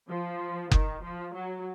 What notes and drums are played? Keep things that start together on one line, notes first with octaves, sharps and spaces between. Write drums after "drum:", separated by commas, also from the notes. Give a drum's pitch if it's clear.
F3
D#3, drum: kick F#1
F3
F#3